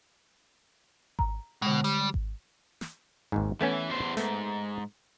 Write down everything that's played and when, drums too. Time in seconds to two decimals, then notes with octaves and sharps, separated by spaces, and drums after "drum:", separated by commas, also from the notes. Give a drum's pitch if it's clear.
1.19 A#5, drum: kick G#1
1.62 B2 D3 G#3
1.84 G3, drum: hi-hat
2.14 drum: kick G#1
2.81 drum: snare
3.32 G#1 D#2 G#2
3.61 E3 A3 B3 C#4
3.89 E2 C5
4.17 G#2 A3 B3, drum: hi-hat